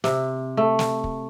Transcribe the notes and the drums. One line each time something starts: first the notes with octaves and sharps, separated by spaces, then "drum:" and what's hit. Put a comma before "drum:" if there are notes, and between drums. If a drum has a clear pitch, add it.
C3, drum: snare
A3
drum: snare
drum: kick